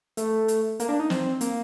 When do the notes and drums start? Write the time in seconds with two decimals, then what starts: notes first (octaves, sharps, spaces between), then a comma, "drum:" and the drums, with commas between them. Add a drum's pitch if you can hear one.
0.17 A3, drum: hi-hat
0.48 drum: hi-hat
0.80 A#3, drum: hi-hat
0.89 D4
1.00 D#4
1.10 C4, drum: snare
1.41 A#3, drum: hi-hat